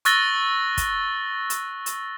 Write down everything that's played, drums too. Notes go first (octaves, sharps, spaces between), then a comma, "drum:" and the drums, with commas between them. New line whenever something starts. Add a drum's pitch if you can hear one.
C#6 E6 F#6 A6 A#6 G7, drum: hi-hat
drum: kick, hi-hat
drum: hi-hat
drum: hi-hat